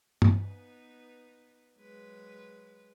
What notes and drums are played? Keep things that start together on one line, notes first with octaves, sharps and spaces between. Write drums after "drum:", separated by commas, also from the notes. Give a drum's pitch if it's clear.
B3 D#4 B4, drum: tom
F#3 G#3 B4